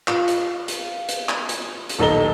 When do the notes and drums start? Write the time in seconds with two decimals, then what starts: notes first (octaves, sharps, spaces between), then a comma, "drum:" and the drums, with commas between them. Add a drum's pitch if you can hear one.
0.08 F4, drum: clap
0.28 drum: hi-hat
0.68 drum: hi-hat
1.09 drum: hi-hat
1.29 drum: clap
1.49 drum: hi-hat
1.89 drum: hi-hat
1.99 D#1 B1 A4 D#5 A#5 G7